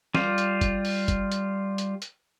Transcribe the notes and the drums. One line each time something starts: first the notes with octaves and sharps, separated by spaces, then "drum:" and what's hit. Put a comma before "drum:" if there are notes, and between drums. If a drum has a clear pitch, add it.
G3 F4, drum: snare
drum: hi-hat
drum: kick, hi-hat
drum: open hi-hat
drum: kick, hi-hat
drum: hi-hat
drum: hi-hat
drum: hi-hat